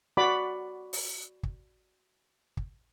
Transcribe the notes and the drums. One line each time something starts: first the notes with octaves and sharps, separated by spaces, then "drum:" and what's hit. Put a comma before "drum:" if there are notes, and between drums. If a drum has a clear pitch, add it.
F#4 D5 F#5 B5 D6
drum: open hi-hat
drum: kick
drum: kick